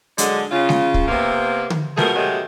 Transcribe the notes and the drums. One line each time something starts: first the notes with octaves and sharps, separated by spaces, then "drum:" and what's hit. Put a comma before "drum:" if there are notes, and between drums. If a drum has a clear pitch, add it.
D3 F#3 G#3, drum: hi-hat
C#3 F4
drum: snare G#3
drum: kick
C3 A#3 B3
drum: tom D3
B2 F3 A3 G#4 A#4, drum: snare G#3
B2 D#3 F#3 G#3 A3 G4